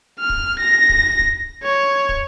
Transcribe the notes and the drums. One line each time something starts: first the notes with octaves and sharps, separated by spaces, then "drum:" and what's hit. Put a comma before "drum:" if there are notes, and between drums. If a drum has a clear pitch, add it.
F6
drum: kick
A#6
drum: kick
drum: kick
C#5
drum: kick